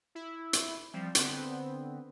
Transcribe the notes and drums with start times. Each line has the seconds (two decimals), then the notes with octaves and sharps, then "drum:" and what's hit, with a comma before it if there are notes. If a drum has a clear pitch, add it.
0.15 E4
0.53 drum: hi-hat
0.93 F3 G3 C4
1.15 D3 B3 C4, drum: hi-hat